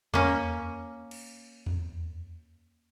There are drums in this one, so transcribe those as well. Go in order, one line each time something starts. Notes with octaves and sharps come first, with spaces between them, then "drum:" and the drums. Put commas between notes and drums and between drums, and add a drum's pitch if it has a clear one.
A#3 C#4, drum: tom E2
drum: cymbal
drum: tom E2